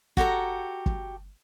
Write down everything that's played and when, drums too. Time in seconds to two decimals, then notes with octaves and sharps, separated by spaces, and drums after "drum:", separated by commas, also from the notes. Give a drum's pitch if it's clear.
0.17 F#4 G4 A4 A#5, drum: kick
0.86 drum: kick